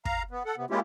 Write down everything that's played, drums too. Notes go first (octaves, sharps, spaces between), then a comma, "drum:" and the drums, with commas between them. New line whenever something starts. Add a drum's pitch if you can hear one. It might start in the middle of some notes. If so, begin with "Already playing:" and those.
F5 A#5, drum: kick
B3
A4 F#5
C3 B3
G#3 A#3 C#4 E4 F4 G4